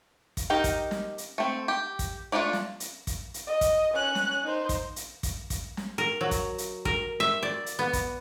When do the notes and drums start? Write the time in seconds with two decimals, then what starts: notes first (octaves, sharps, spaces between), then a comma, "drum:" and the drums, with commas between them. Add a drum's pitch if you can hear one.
0.37 drum: kick, hi-hat
0.50 D#4 G4 A#4
0.64 drum: kick, hi-hat
0.91 drum: snare
1.18 drum: hi-hat
1.38 A3 C4
1.68 G4
1.99 drum: kick, hi-hat
2.32 A3 D4 E4 F4 D5
2.53 drum: snare
2.80 drum: hi-hat
3.07 drum: kick, hi-hat
3.34 drum: hi-hat
3.47 D#5
3.61 drum: kick, hi-hat
3.94 C#4 F#6
4.15 drum: snare
4.44 D#4 C5
4.69 drum: kick, hi-hat
4.96 drum: hi-hat
5.23 drum: kick, hi-hat
5.50 drum: kick, hi-hat
5.77 drum: snare
5.98 A#4
6.21 F#3
6.31 drum: kick, hi-hat
6.58 drum: hi-hat
6.85 A#4, drum: kick
7.20 E5
7.43 D5
7.66 drum: hi-hat
7.79 B3
7.93 drum: kick, hi-hat